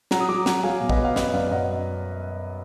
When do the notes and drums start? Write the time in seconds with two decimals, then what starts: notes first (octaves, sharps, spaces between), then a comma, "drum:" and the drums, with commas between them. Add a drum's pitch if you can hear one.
0.11 F#3 F#5 A#5, drum: snare
0.20 D#6
0.29 F#3 A#5 D6
0.46 F#3 F#5 A#5, drum: snare
0.64 F#3 F5 G#5
0.81 B2
0.89 B4 D#5, drum: kick
0.98 F#3
1.05 F5
1.16 F#2 B4 D#5, drum: snare
1.33 F#2 D5 F5
1.51 F#2 D#5 F#5